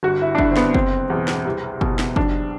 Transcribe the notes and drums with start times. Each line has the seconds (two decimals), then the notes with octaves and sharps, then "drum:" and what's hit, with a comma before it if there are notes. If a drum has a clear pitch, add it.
0.03 G1 F#4
0.22 E4
0.35 D4
0.38 G2 D3 E4, drum: kick F#1
0.51 C4
0.57 B3, drum: snare
0.74 F#1 C4, drum: kick F#1
1.10 E2 B2
1.28 drum: snare
1.45 C2
1.81 B2, drum: kick F#1
1.99 drum: snare
2.16 B1 D4, drum: kick F#1